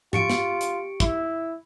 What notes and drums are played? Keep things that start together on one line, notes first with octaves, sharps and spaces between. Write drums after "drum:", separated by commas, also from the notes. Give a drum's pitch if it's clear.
F4 G4 C#7 D7, drum: tom G#2
drum: snare
drum: hi-hat
E4, drum: kick